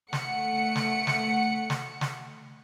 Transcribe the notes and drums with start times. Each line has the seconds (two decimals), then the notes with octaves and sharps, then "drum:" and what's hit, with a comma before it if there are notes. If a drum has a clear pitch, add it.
0.13 A3 F#5 C#7, drum: snare
0.75 drum: snare
1.07 drum: snare
1.70 drum: snare
2.01 drum: snare